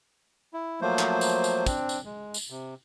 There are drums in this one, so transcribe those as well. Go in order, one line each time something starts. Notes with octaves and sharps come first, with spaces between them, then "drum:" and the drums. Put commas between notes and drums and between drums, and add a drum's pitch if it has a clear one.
E4
F3 F#3 A3 A#3 C5
drum: clap
drum: tambourine
drum: tambourine
C4 D4, drum: kick, tambourine
drum: tambourine
G#3
drum: tambourine
C3